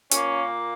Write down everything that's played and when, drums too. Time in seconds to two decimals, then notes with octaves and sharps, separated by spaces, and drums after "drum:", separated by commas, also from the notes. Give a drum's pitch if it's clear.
0.11 A#2 A#3 C#4, drum: hi-hat